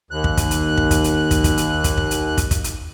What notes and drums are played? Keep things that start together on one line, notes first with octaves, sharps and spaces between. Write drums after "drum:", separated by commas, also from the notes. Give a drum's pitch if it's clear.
D#2 F#6
drum: kick
drum: kick, hi-hat
drum: hi-hat
drum: kick
drum: kick, hi-hat
drum: hi-hat
drum: kick, hi-hat
drum: kick, hi-hat
drum: hi-hat
drum: kick, hi-hat
drum: kick
drum: hi-hat
drum: kick, hi-hat
drum: kick, hi-hat
drum: hi-hat